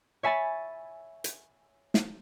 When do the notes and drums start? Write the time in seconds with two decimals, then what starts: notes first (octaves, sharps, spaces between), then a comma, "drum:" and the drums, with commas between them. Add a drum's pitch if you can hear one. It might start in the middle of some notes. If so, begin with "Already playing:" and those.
0.23 C#5 E5 G#5 B5 A6
1.24 drum: hi-hat
1.94 drum: snare